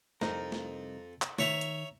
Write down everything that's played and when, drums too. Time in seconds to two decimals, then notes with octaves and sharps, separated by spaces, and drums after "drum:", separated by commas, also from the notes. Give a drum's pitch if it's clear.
0.21 C2 F2 D#4 A#4, drum: snare
0.52 drum: snare
1.22 drum: clap
1.38 D#3 C#5 E5 A#5, drum: snare
1.61 drum: hi-hat